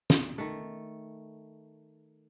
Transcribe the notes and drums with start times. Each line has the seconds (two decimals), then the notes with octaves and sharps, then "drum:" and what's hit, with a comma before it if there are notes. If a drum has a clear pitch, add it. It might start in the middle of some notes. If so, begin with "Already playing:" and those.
0.10 drum: snare
0.38 D#3 A3